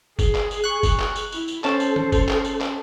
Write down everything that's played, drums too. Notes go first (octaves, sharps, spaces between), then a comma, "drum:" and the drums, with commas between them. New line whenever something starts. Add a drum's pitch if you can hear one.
G#4, drum: kick F#1, tambourine
drum: clap
drum: tambourine
C#6 F#6
drum: kick F#1, tambourine
drum: clap
drum: tambourine
E4, drum: tambourine
drum: tambourine
C#4 A4 C5 A5, drum: clap
drum: tambourine
drum: tom D#3
drum: kick F#1, tambourine
drum: clap
drum: tambourine
drum: clap